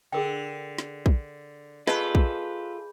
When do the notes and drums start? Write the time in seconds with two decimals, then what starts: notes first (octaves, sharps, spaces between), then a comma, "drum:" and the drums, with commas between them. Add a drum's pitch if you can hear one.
0.12 D3 G#4 A#4 G5
0.78 drum: snare
1.06 drum: kick
1.87 F4 G#4 A4 B4 D#5 B5 G6, drum: snare
2.15 drum: kick